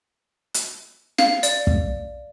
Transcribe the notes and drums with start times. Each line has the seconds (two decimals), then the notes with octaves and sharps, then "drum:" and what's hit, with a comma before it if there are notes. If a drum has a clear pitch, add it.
0.54 drum: hi-hat
1.18 F5, drum: snare
1.43 D5, drum: hi-hat
1.67 drum: kick